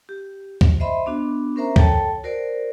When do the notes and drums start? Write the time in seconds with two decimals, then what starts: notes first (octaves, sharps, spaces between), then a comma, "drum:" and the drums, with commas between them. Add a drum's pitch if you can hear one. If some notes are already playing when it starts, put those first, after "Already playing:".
0.09 G4
0.61 drum: kick C#2
0.80 C5 D#5 E5 B5 C6
1.06 B3 D4 F#4
1.56 C#4 A#4 C5 E5 A#5
1.76 A4 C#5 G5 A5, drum: kick C#2
2.23 F#4 A#4 C5 D5